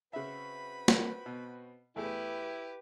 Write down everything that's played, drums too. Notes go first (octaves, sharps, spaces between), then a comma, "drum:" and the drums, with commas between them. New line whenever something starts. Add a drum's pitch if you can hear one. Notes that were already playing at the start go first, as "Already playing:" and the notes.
C#3 C4 F#4 B4 E5 B5
drum: snare
B2
E2 A3 E4 G4 G#4 B4